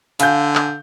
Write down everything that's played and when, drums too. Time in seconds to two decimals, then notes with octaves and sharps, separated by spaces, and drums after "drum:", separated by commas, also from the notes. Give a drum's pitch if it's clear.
0.20 D3 F5 G#5 G6, drum: hi-hat
0.55 drum: clap